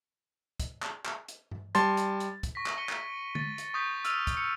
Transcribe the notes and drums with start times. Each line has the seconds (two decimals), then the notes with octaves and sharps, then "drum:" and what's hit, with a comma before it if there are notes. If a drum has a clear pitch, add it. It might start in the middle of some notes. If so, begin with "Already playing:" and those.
0.60 drum: kick, hi-hat
0.83 drum: clap
1.05 drum: clap
1.28 drum: hi-hat
1.51 drum: tom G2
1.75 G3 A5 C6 A6, drum: hi-hat
1.97 drum: hi-hat
2.20 drum: hi-hat
2.43 drum: kick, hi-hat
2.55 C#6 A#6 B6
2.66 drum: clap
2.77 C#7 D#7 G7
2.89 drum: clap
3.35 A6, drum: tom D3
3.58 drum: hi-hat
3.74 C#6 D#6 G6 A6 B6
4.05 E6 F6 D#7 F7, drum: hi-hat
4.27 drum: kick, hi-hat
4.37 C#7